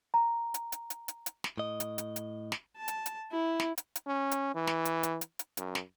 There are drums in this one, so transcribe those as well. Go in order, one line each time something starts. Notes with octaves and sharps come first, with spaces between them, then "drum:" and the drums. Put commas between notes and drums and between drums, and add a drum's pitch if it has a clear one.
A#5
drum: hi-hat
drum: hi-hat
drum: hi-hat
drum: hi-hat
drum: hi-hat
drum: snare
A2 D#5
drum: hi-hat
drum: hi-hat
drum: hi-hat
drum: snare
A5
drum: hi-hat
drum: hi-hat
E4
drum: snare
drum: hi-hat
drum: hi-hat
C#4
drum: hi-hat
E3
drum: snare
drum: hi-hat
drum: hi-hat
drum: hi-hat
drum: hi-hat
F#2, drum: hi-hat
drum: snare